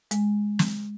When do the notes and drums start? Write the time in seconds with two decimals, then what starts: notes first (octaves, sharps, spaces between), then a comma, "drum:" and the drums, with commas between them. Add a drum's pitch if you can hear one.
0.11 G#3, drum: hi-hat
0.59 drum: snare